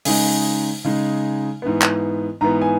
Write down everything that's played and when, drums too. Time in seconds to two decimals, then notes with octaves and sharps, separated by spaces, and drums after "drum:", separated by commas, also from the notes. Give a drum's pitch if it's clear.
0.05 C#3 G#3 D#4 G#5, drum: open hi-hat
0.84 C#3 G#3 D#4
1.62 G#2 E3 B3
1.82 drum: clap
2.41 G#2 E3 B3 A#5
2.62 G#5